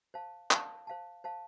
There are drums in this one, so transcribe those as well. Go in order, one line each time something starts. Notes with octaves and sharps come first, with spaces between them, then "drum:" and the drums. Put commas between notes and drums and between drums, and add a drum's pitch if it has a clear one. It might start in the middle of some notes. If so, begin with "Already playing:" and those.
C5 F5 A5
C5 F5 A5, drum: clap
C5 F5 A5
C5 F5 A5